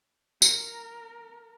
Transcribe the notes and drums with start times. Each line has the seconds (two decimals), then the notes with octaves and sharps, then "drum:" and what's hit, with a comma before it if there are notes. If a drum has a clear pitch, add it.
0.42 A#4, drum: tambourine